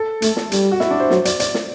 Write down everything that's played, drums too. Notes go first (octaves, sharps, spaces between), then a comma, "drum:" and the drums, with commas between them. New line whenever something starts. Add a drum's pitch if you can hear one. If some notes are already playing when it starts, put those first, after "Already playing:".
Already playing: A4
A3, drum: hi-hat
drum: snare
G3, drum: hi-hat
F#4
E4, drum: snare
D4
C5
F#3 C5, drum: snare
D5, drum: hi-hat
D5, drum: hi-hat
drum: snare